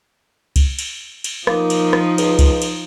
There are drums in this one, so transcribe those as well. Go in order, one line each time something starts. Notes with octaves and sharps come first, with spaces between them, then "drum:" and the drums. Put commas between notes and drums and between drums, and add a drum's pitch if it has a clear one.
drum: kick C#2, cymbal
drum: cymbal
drum: cymbal
F3 A#3 D#4, drum: rim click
drum: cymbal
drum: rim click
C#2, drum: cymbal
drum: kick C#2, cymbal
drum: cymbal